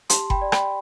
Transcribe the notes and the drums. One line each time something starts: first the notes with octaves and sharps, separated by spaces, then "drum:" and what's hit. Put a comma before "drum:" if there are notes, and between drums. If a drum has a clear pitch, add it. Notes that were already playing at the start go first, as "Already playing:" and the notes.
G4 A5 C6, drum: hi-hat
G5 B5, drum: kick F#1
D5
G5 B5, drum: rim click